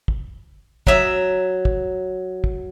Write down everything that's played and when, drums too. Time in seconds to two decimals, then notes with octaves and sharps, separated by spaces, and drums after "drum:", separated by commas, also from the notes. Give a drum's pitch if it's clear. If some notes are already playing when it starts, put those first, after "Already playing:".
0.08 drum: kick
0.87 F#3 E5, drum: kick
1.65 drum: kick
2.44 drum: kick